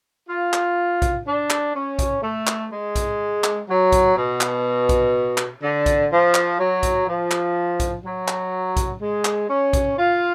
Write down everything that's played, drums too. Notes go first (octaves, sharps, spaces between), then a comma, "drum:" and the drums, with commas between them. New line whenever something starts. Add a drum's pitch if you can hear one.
F4
drum: clap
drum: kick A#1, hi-hat
D4
drum: clap
C#4
drum: kick A#1, hi-hat
A3
drum: clap
G#3
drum: kick A#1, hi-hat
drum: clap
F#3
drum: kick A#1, hi-hat
B2
drum: clap
drum: kick A#1, hi-hat
drum: clap
D3
drum: kick A#1, hi-hat
F3
drum: clap
F#3
drum: kick A#1, hi-hat
F3
drum: clap
drum: kick A#1, hi-hat
F#3
drum: clap
drum: kick A#1, hi-hat
G#3
drum: clap
C#4
drum: kick A#1, hi-hat
F4